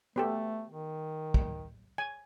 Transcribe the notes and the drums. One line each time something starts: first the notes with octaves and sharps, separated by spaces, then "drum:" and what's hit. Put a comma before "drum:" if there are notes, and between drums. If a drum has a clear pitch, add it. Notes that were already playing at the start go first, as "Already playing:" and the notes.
A3 B3 G4 A4
D#3
drum: kick
G#5